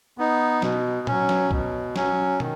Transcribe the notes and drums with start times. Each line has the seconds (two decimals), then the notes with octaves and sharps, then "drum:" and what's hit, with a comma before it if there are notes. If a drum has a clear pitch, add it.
0.18 B3 D#4
0.62 B2, drum: snare
1.07 F#3 C#4, drum: tom
1.29 drum: snare
1.51 B2, drum: kick
1.96 F#3 C#4, drum: snare
2.40 D#3, drum: tom